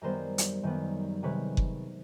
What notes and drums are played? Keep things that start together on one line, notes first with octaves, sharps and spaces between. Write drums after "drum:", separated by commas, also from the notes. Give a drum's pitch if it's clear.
F#2 D#3 G3 B3 A#4 C5
drum: hi-hat
F#2 D#3 G3 B3
C3 D#3 G#3 B4 C#5
drum: kick F#1